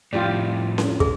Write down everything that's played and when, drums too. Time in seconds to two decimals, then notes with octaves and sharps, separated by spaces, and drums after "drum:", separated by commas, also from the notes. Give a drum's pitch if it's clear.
0.13 F2 A2 F4 G4 D5
0.78 drum: snare C#4
1.00 G#4, drum: kick